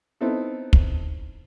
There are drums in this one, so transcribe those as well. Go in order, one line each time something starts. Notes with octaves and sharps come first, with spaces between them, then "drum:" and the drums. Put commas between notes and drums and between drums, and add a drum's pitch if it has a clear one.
B3 C4 D#4 E4 A4
drum: kick